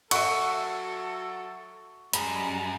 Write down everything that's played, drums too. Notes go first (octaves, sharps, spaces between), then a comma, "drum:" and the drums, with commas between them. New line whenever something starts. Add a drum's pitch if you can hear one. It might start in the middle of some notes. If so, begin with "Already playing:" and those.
F#3 F#4 A4 E5 F#5 C#6 C#7, drum: cymbal
F#2 G3 G#3 B5, drum: hi-hat